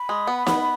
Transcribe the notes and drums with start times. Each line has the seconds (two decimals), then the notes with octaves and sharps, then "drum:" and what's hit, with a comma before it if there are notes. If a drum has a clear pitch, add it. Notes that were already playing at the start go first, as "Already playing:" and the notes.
Already playing: B5
0.09 G#3
0.27 B3
0.47 B3, drum: snare